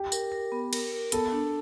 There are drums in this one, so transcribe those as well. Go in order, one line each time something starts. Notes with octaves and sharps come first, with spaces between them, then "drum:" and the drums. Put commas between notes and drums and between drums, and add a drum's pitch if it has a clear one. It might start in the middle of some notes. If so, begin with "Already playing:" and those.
Already playing: G4
A#4, drum: tambourine
A#4
B3
A#4, drum: cymbal
A#4
B3 A4, drum: hi-hat
D4